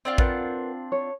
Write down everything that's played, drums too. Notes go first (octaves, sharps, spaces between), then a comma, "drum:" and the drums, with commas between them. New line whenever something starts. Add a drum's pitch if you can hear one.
C4 D4 F4
A#4 B4 F#5, drum: kick
C#5